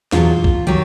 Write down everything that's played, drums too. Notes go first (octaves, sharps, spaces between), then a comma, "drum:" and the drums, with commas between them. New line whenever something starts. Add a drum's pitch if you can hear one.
E2 B2 F#3 F4, drum: snare
drum: kick
D#3 F#3 G4